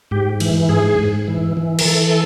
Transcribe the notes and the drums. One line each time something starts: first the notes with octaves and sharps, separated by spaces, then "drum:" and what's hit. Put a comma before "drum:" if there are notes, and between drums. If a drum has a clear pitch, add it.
G#2 G4
E3, drum: cymbal
G#2 G#4
G#2
E3
E3
A#4, drum: cymbal
E3 A4